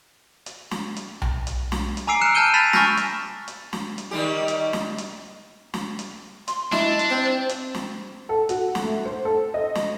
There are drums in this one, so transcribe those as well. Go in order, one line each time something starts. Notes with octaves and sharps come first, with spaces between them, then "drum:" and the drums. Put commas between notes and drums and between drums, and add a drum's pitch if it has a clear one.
drum: hi-hat
drum: snare
drum: hi-hat
drum: tom B1
drum: hi-hat
drum: snare
drum: hi-hat
G#5 A#5 D6 E6 C7 D7
F6 F#6 C#7 E7
A5 F6 G6 D#7 G7
B5 E6 A6 B6 E7 F7
G#5 C#6 F6 G6 A6 A#6, drum: snare
drum: hi-hat
drum: hi-hat
drum: snare
drum: hi-hat
D#3 G3 G4
drum: hi-hat
drum: snare
drum: hi-hat
drum: snare
drum: hi-hat
C6, drum: hi-hat
D4 E4 D#5, drum: snare
drum: hi-hat
C4 C5
drum: hi-hat
drum: snare
A4
F#4, drum: hi-hat
drum: snare
A3
C5
A4
D#5
drum: snare